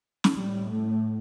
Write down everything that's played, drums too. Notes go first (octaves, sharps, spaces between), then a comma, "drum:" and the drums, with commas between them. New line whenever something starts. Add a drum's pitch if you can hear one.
drum: snare
A2 G3
A3